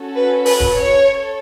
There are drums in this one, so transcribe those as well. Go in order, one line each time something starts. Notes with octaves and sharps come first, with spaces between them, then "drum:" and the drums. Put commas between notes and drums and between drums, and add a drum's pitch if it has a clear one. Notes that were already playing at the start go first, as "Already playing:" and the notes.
Already playing: C#4 F#4 A4
B4
B4, drum: open hi-hat
drum: kick
C#5
A4